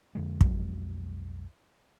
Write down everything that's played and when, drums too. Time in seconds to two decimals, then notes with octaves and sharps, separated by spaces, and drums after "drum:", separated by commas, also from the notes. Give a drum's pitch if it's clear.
0.15 F2 D3 G#3
0.41 B1 F2 F#3 G#3, drum: kick